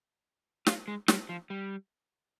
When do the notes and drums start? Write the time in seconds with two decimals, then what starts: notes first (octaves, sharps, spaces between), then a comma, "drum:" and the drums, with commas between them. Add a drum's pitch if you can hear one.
0.67 F4, drum: snare
0.88 G#3
1.08 G3, drum: snare
1.29 F3
1.50 G3